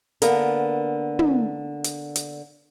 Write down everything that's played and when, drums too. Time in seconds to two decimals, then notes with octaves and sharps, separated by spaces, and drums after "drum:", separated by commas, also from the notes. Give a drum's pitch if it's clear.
0.22 D3 A#3 B3 A#4, drum: hi-hat
1.19 drum: tom
1.84 drum: hi-hat
2.16 drum: hi-hat